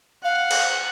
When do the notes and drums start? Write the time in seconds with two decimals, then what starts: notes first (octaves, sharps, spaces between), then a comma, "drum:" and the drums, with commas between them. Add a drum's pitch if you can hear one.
0.24 F5 F#5
0.51 drum: cymbal